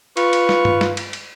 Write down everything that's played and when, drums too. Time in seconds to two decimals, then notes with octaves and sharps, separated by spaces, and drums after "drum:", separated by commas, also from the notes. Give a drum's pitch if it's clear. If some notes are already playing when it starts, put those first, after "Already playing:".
0.17 F4 B4 C#6, drum: cymbal
0.33 drum: cymbal
0.49 drum: snare
0.65 drum: tom G2
0.81 drum: snare
0.97 drum: cymbal
1.13 drum: cymbal